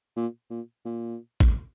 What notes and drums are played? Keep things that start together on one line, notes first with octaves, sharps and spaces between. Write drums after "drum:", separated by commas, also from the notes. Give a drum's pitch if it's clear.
A#2
A#2
A#2
drum: kick A1